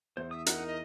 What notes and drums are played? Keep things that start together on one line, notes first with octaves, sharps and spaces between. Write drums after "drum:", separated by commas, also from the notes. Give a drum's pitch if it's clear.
E2 C5
E5 D#6
D#4 A#4 F#5, drum: hi-hat
D#5